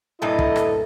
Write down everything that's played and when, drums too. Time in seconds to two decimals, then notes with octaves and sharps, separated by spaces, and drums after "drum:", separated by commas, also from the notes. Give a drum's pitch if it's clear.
0.22 G2 A#2 E4 A4 D#5
0.39 drum: kick
0.56 drum: rim click